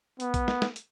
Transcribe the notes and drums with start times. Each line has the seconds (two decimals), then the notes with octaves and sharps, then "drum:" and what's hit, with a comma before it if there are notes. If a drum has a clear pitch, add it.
0.20 B3, drum: hi-hat
0.34 drum: kick A#1, hi-hat
0.48 drum: snare
0.62 drum: snare
0.76 drum: hi-hat